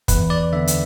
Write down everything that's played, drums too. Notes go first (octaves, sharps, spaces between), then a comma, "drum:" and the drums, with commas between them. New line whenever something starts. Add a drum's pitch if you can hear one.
E2 B4, drum: kick, hi-hat
D5
D3 B3 E5
drum: hi-hat